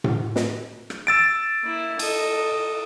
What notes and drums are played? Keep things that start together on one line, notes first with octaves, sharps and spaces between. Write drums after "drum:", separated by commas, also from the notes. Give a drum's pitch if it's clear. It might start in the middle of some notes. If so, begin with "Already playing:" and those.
drum: tom A2
drum: snare
drum: rim click
E6 A6 D7
A#3 E4
A4 D#5, drum: cymbal